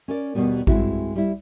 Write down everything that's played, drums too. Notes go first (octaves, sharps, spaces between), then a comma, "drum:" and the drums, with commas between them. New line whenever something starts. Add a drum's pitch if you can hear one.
C#4 A#4 D5
D#2 B2 D#3 G3 B3
G2 G#3 C4 E4 F#4, drum: kick A1
G3 E4